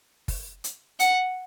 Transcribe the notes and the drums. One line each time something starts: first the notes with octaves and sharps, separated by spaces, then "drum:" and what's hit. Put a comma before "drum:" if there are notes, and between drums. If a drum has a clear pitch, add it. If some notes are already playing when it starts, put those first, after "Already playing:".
drum: kick, open hi-hat
drum: hi-hat
F#5, drum: hi-hat